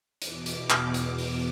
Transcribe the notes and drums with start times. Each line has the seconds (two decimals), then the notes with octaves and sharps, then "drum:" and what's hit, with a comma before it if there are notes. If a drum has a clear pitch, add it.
0.22 E2 B2 D6, drum: hi-hat
0.46 drum: hi-hat
0.70 drum: clap
0.94 drum: hi-hat
1.18 drum: open hi-hat